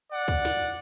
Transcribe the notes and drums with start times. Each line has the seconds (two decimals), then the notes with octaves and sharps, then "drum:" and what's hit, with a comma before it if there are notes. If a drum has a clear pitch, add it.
0.11 D5 F#5
0.28 drum: kick C#2, tambourine
0.45 drum: snare
0.62 drum: tambourine